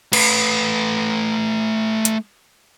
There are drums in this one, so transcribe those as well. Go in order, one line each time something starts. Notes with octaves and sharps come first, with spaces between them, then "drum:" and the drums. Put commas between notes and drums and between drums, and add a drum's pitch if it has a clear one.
A3 B4, drum: cymbal
drum: hi-hat